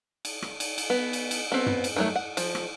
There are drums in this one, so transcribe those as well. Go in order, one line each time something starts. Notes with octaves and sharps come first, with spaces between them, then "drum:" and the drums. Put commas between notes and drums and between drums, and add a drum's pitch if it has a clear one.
drum: cymbal
drum: rim click
drum: cymbal
drum: cymbal
B3
drum: cymbal
drum: cymbal
B3 C4
drum: tom
drum: cymbal
D#3 F#3 A3
F#5
F3, drum: cymbal
drum: rim click